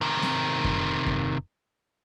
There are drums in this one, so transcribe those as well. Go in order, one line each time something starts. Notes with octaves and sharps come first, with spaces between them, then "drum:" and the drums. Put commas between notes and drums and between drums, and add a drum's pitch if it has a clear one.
C3 D#3
drum: snare
drum: kick F#2
drum: kick F#2